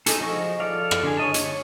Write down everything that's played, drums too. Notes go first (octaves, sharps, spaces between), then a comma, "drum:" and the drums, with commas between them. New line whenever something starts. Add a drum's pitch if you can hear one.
D#4 G#4 A4, drum: hi-hat
F3 F#4 G#4 D#5 C#6
F3 F4 A4 D5 F5
drum: rim click
D3 G#4
C#5 D#5 A5
C#5, drum: hi-hat